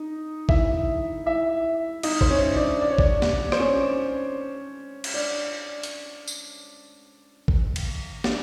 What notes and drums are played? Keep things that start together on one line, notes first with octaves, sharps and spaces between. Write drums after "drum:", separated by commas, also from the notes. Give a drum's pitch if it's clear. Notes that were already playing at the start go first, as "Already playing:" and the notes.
Already playing: D#4 D#5
E4 E5, drum: kick
E4 E5
D#4 D#5, drum: cymbal
C5, drum: kick
C#4 C#5
D4 D5
D5
C#5
D4 D5, drum: kick
drum: snare
C5, drum: rim click
C#4 C#5
drum: cymbal
D4 D5
drum: hi-hat
drum: tambourine
drum: kick
drum: cymbal
D4 D5, drum: snare